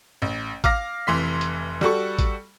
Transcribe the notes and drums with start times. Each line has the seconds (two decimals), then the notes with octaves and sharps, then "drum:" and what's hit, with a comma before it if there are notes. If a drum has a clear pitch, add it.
0.22 A1
0.64 F5 D6 F6 A#6, drum: kick, hi-hat
1.07 F1 E3 C6 B6
1.41 drum: hi-hat
1.81 G3 F#4 A4 C#6, drum: snare
2.19 drum: kick, hi-hat